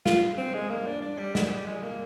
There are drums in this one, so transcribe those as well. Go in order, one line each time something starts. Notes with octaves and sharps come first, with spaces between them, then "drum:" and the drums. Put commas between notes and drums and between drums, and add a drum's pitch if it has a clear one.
F4, drum: snare
C4
G#3
A#3
D4
D4
G3
G#3, drum: snare
G3
G#3
A#3